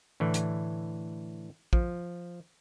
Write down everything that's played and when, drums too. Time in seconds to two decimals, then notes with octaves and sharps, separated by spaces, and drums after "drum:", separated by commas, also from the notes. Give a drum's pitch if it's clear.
0.20 A2 D3 E3
0.34 drum: hi-hat
1.73 F3, drum: kick